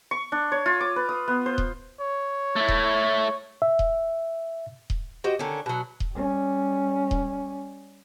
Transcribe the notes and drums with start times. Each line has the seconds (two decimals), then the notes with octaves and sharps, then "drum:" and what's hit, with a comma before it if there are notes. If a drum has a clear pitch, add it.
0.11 C#6
0.32 D4
0.52 C#5
0.66 F4
0.81 D6
0.96 B4
1.09 D#6
1.28 B3
1.46 C5
1.58 drum: kick D#1
2.01 C#5
2.56 A3 E4
2.68 drum: kick D#1
3.62 E5
3.79 drum: kick D#1
4.90 drum: kick D#1
5.24 F#4 G4 C5 D#5
5.39 D3 D#3 C#4
5.66 B2 F#3
6.00 drum: kick D#1
6.13 G3 C#4
7.11 drum: kick D#1